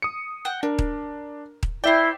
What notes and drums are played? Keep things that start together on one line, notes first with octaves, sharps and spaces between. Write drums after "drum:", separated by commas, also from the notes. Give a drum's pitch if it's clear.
D#6 C#7
F#5 G5 F#6
D4 A#4
drum: kick D#1
drum: kick D#1
E4 C5 D5 E5 G5